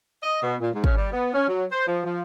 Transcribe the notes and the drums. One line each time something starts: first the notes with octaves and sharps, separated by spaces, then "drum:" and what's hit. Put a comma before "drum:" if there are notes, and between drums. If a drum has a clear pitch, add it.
D#5
B2
A#2
G#2
C#4, drum: kick
G3
B3
C#4
F#3
C5
F3
F3